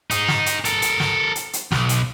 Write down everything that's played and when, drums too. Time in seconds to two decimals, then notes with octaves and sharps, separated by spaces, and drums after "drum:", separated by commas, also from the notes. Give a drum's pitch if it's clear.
0.11 D#4 G#4, drum: hi-hat
0.28 drum: snare
0.46 drum: hi-hat
0.65 A4 A#4, drum: hi-hat
0.82 drum: hi-hat
1.00 drum: snare
1.36 drum: hi-hat
1.53 drum: hi-hat
1.72 B1, drum: snare
1.89 drum: hi-hat